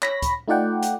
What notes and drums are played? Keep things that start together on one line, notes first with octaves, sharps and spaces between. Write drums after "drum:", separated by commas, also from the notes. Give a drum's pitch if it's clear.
C#5 B5 A#6 B6, drum: clap
drum: kick C#2, hi-hat
A3 D#4 F4 D5 F#5 G5
drum: hi-hat